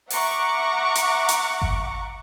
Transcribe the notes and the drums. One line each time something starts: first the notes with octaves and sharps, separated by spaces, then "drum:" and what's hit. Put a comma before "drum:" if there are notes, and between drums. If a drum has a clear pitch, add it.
E5 F#5 A#5 C#6 D6, drum: open hi-hat
drum: hi-hat
drum: hi-hat
drum: kick G1